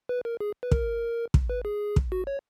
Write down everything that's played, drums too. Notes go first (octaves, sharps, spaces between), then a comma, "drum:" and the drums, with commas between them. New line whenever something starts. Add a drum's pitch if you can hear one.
B4
A#4
G#4
B4
A#4, drum: kick
drum: kick
B4
G#4
drum: kick
F#4
C#5